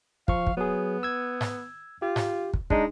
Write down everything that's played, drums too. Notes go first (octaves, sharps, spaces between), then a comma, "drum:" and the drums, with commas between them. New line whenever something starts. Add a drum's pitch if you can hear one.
F3 F5 C#6, drum: kick
drum: kick
F#3 B3 G#4
E6 G#6
drum: snare G#2
F4 G4
drum: snare G#2
drum: kick
G#3 D4 D#4, drum: kick